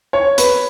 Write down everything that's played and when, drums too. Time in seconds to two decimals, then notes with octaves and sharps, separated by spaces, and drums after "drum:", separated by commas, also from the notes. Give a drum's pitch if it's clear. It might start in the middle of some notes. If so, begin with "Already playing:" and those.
0.13 C#5
0.38 B4, drum: hi-hat